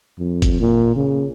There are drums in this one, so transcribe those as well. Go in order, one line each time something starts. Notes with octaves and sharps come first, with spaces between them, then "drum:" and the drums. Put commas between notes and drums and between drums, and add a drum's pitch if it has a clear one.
F2
drum: kick G1, hi-hat
A#2
C#3